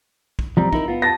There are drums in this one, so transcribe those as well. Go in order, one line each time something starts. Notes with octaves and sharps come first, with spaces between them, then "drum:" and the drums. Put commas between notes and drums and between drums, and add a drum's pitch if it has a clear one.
drum: kick B1
F3 G3 C4 A#5
D#4 E4 A#4, drum: kick B1
B3 F4
A5 A6 A#6